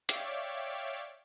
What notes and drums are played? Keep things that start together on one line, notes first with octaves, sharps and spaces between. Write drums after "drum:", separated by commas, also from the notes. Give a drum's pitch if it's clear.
C#5 D5 E5 F5 G5 D6, drum: hi-hat